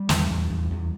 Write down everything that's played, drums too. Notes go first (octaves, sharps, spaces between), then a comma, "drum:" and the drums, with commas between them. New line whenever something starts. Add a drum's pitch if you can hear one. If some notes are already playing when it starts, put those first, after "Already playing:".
Already playing: G3
E2, drum: snare
E2
E2
E2